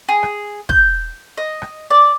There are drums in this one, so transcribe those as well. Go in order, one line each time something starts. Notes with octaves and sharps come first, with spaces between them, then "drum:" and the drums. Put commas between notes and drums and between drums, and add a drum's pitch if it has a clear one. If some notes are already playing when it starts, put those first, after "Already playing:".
G#4
drum: rim click
G6, drum: kick
D#5
drum: rim click
D5